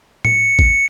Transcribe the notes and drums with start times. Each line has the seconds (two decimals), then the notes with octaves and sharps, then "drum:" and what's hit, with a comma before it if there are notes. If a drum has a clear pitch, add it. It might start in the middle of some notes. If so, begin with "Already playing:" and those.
0.25 C#7, drum: tom A2
0.59 drum: kick A1